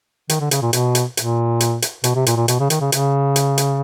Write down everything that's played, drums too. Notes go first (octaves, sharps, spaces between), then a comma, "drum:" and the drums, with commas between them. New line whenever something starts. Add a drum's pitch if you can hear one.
D#3, drum: hi-hat
D3
C#3, drum: hi-hat
A#2
B2, drum: hi-hat
drum: hi-hat
A#2, drum: hi-hat
drum: hi-hat
drum: hi-hat
B2, drum: hi-hat
C3
A#2, drum: hi-hat
A#2
B2, drum: hi-hat
C#3
D#3, drum: hi-hat
C#3
C#3, drum: hi-hat
drum: hi-hat
drum: hi-hat